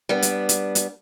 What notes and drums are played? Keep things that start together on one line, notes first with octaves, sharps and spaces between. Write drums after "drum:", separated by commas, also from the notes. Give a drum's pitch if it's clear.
G3 B3 D4
drum: hi-hat
drum: hi-hat
drum: hi-hat